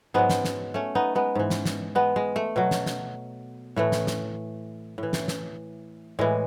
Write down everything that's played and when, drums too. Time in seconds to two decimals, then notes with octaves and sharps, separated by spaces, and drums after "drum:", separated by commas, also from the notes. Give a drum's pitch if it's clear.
0.14 G#2 F#3 G#3 B3
0.30 drum: snare
0.45 drum: snare
0.74 A3 C#4
0.95 B3 D#4
1.15 G#3 B3
1.35 G#2 E3
1.50 drum: snare
1.66 drum: snare
1.95 G#3 B3
2.16 G#3
2.36 A3
2.56 B2 F#3
2.71 drum: snare
2.86 drum: snare
3.76 A2 E3 A3
3.92 drum: snare
4.07 drum: snare
4.98 A2 E3
5.13 drum: snare
5.28 drum: snare
6.19 A2 E3 G#3